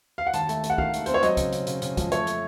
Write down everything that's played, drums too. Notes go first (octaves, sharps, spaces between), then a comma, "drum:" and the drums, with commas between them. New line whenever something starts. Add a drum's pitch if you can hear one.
F5
F#5
D#2 A5, drum: hi-hat
A3, drum: hi-hat
A3, drum: hi-hat
F#5
D#3 F5, drum: kick
A3, drum: hi-hat
C4 C5, drum: hi-hat
C#5
F#3 D#5, drum: hi-hat
C#3, drum: kick, hi-hat
C#3, drum: hi-hat
C#3, drum: hi-hat
C#3, drum: hi-hat
F2, drum: kick, hi-hat
A3 C#5, drum: hi-hat
A3, drum: hi-hat